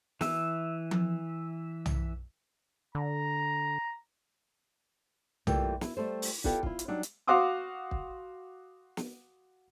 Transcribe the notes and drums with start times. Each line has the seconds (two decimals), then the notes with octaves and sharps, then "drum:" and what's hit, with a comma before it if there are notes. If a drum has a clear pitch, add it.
0.21 E3 E5, drum: snare
0.91 drum: tom F3
1.86 drum: tom
2.95 D3 A#5
5.47 E3 G3 A3 A#3 F4 G4, drum: tom
5.81 E4, drum: snare
5.97 G3 A3 C5
6.22 drum: open hi-hat
6.44 B3 E4 F4 G4 A4 D5, drum: kick
6.63 E4 F4, drum: kick
6.79 drum: hi-hat
6.88 F#3 G3 D4 D#4
7.03 drum: hi-hat
7.27 F#4 F5 F#5 C6 D6 D#6
7.91 drum: kick
8.97 drum: snare